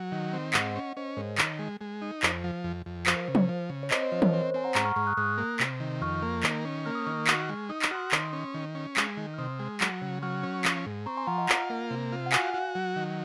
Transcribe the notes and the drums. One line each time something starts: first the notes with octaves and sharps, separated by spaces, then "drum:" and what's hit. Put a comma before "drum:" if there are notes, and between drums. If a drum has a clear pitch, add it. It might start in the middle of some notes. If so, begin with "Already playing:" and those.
Already playing: F#3
D#3
C4
G#2 D#5 F#5, drum: clap
C#4
C#4 C5 D#5
G#2 A#4 C#5
D#3, drum: clap
G#3
G#3
D#4
F2 C5, drum: clap
F3
F2
F2
F3 C5, drum: clap
A#4
C#3 C5
drum: tom F3
F3
C#3
C#5
C4 C5 D#5, drum: clap
C5 D#5
F3 C5 D#5
A#4 C#5, drum: tom E3
C4 C#5
C5
C4 G#5
F#5 A#5
G#2 A#5 C#6, drum: clap
C#6 F6
G#2 C#6 F6
D#6 F#6
G#2 D#6 F#6
A#3
C3, drum: clap
D#3
F2 C#6 F6
A#3
D#3, drum: clap
C#4
A#3 F6
D#6
D#3 C#6 F6
F#4 C#6 F6, drum: clap
G#3
D#4 D#6
F6, drum: clap
F#4 C6 D#6
D#3 C6 D#6, drum: clap
C#4
D#3
C#4
G#3, drum: clap
D#3
F6
C3 C6 D#6
G#3
F#3, drum: clap
C#3
F#3 C#6 F6
C#4
F3, drum: clap
G#2
C4 A#5 C#6
G#5 C6
F3 F#5 A#5
D#5 F#5
F4, drum: clap
A#3
C3
F4
F#5
F#4 F5 G#5, drum: clap
F#4
F#3
D#3